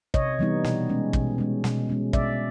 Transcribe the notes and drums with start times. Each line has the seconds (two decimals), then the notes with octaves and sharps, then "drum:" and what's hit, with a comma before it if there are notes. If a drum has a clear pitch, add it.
0.14 C3 C#5 D#5, drum: kick
0.39 E3 G3 B3 D#4
0.64 B2, drum: snare
0.89 G#3 C#4
1.13 B2, drum: kick
1.38 G#3 C#4
1.64 B2, drum: snare
1.89 G#3 C#4
2.13 B2 D5 E5, drum: kick